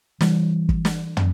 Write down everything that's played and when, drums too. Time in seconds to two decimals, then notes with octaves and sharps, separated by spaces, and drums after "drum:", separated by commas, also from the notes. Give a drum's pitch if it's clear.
0.21 E3 G3, drum: snare
0.69 drum: kick
0.85 drum: snare
1.17 drum: tom